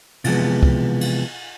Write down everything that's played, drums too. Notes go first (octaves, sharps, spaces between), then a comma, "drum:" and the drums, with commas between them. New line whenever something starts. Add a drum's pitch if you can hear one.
C3 E3 F3 G#3 B3, drum: cymbal
drum: kick
drum: cymbal